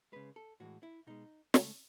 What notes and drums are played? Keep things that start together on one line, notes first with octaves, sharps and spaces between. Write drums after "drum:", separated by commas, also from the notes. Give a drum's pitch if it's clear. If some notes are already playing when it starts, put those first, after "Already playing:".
C#3 G#3 B4
A4
A2 E3 G#3 F#4
E4
B2 G#3 D#4
C#3 G#3 A3, drum: snare